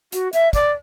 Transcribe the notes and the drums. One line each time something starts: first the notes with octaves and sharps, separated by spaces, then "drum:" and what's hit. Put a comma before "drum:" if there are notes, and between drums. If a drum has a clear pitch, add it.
F#4, drum: hi-hat
E5, drum: hi-hat
D5, drum: kick, hi-hat